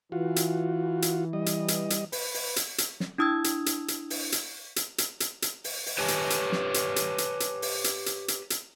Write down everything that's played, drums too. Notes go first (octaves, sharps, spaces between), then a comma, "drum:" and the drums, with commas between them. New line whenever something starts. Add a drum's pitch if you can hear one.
E3 F4 F#4
drum: hi-hat
drum: hi-hat
G3 D#5
drum: hi-hat
drum: hi-hat
drum: hi-hat
B4, drum: open hi-hat
drum: open hi-hat
drum: hi-hat
drum: hi-hat
drum: snare
D4 E4 D#6 E6 G#6
drum: hi-hat
drum: hi-hat
drum: hi-hat
drum: open hi-hat
drum: hi-hat
drum: hi-hat
drum: hi-hat
drum: hi-hat
drum: hi-hat
drum: open hi-hat
drum: open hi-hat
G4 B4 C#5 G#5 A5
drum: hi-hat
drum: hi-hat
drum: snare
drum: hi-hat
drum: hi-hat
drum: hi-hat
drum: hi-hat
drum: open hi-hat
drum: hi-hat
drum: hi-hat
drum: hi-hat
drum: hi-hat